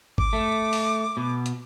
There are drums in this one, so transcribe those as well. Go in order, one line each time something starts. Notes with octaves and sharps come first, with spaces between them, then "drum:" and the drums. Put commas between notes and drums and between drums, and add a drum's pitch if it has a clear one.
D6, drum: kick
A3
drum: open hi-hat
B2
drum: hi-hat